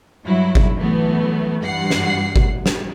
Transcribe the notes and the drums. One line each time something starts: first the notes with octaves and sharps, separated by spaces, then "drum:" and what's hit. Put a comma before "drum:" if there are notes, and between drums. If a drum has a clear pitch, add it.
G2 F#3 E4
drum: kick G1
E3 F#3 A3 B3
G2 E3 G3 F#5 C7
drum: snare
drum: kick G1
drum: snare